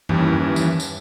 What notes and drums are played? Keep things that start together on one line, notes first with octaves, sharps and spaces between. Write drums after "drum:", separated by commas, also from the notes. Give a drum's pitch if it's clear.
D#2 E3 G3 C#4, drum: tom F#2
drum: tambourine
drum: tambourine